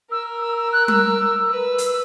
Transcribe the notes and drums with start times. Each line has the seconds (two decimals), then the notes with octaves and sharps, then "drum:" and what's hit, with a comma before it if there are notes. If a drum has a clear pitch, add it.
0.10 A#4 E6
0.41 E6
0.57 E6
0.72 F#6
0.88 E6, drum: tom G3
1.49 B4 E6
1.78 drum: hi-hat